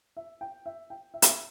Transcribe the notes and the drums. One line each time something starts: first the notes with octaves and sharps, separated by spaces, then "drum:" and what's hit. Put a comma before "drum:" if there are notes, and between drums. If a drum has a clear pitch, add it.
E5
G5
E5
G5
E5
G5, drum: hi-hat
E5